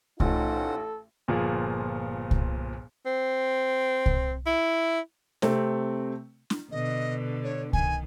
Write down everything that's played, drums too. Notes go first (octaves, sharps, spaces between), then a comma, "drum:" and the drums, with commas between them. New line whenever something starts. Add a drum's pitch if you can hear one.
A1 C#4 D#4 F4 A4 C5 F#5, drum: kick C2
G1 A#2 F3 G#4
drum: kick C2
C4
drum: kick C2
E4
C3 A3 C4, drum: snare
drum: snare
B2 D3 D#5
C#5
D#3 G#5, drum: kick C2